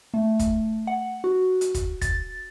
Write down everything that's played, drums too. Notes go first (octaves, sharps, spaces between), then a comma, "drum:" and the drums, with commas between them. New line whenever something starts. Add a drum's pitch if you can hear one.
A3
drum: kick, hi-hat
F#5
F#4
drum: hi-hat
drum: kick, hi-hat
A6, drum: kick, hi-hat